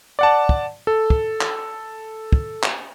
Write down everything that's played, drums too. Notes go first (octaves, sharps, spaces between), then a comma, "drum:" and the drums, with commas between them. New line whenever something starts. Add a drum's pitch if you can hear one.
D5 F#5 A5
drum: kick
A4
drum: kick
drum: clap
drum: kick
drum: clap